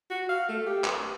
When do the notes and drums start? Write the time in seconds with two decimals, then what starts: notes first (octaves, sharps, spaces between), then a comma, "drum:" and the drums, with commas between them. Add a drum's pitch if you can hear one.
0.10 F#4
0.29 F5
0.49 A3
0.66 G4
0.84 B4, drum: clap